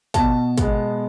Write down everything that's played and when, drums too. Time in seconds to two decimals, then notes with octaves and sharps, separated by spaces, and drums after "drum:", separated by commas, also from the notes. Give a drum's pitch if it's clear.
0.14 B2 A5, drum: kick, hi-hat
0.58 G#3 B3, drum: kick, hi-hat